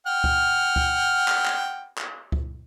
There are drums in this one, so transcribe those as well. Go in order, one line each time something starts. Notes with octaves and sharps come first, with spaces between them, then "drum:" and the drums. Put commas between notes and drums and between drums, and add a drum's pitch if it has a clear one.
F#5 G5 F6
drum: kick C#2
drum: kick C#2
drum: clap
drum: clap
drum: clap
drum: kick C#2